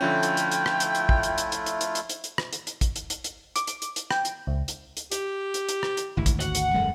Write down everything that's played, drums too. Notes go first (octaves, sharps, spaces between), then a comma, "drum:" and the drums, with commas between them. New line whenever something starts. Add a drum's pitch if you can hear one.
D3 F3 A3 C#4 E4 F4 G5
drum: hi-hat
drum: hi-hat
drum: hi-hat
drum: rim click
drum: hi-hat
drum: hi-hat
drum: kick
drum: hi-hat
drum: hi-hat
drum: hi-hat
drum: hi-hat
drum: hi-hat
drum: hi-hat
drum: hi-hat
drum: hi-hat
drum: rim click
drum: hi-hat
drum: hi-hat
drum: kick, hi-hat
drum: hi-hat
drum: hi-hat
drum: hi-hat
D6, drum: hi-hat
drum: hi-hat
drum: hi-hat
drum: hi-hat
G5, drum: rim click
drum: hi-hat
C#2
drum: hi-hat
drum: hi-hat
G4, drum: hi-hat
drum: hi-hat
drum: hi-hat
drum: rim click
drum: hi-hat
G#1 D2 E4
drum: kick, hi-hat
F#4 F#5, drum: hi-hat
drum: hi-hat
D#1 F#2 D3 G#3